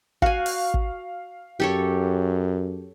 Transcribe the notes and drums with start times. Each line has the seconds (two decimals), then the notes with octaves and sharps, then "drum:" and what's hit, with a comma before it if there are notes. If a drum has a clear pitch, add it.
0.22 F#4 F5 G#5, drum: kick
0.46 drum: open hi-hat
0.74 drum: kick
1.60 F#2 G4 A4 C#5